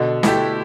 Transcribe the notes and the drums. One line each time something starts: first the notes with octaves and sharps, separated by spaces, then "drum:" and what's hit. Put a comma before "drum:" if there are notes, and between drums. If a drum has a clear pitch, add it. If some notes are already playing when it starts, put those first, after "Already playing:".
Already playing: B2 D3
A3 E4 G4, drum: snare